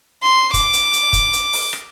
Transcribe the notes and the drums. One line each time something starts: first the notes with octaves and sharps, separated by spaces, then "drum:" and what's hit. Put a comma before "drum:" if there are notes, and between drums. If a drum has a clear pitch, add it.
C6
D6, drum: kick, hi-hat
drum: hi-hat
drum: hi-hat
drum: kick, hi-hat
drum: hi-hat
drum: open hi-hat
drum: rim click